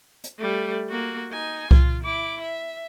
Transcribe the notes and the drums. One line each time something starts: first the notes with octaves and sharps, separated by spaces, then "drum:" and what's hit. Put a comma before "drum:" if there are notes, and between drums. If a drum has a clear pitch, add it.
drum: hi-hat
G3 A3
A#3 F#4
D#4 G#5
F4, drum: kick C2
E4 D6
E5